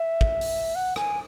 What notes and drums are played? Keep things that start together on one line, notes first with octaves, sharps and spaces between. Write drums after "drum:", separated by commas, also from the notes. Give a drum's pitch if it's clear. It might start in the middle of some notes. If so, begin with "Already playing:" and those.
Already playing: E5
drum: kick
drum: open hi-hat
F#5
G#5, drum: rim click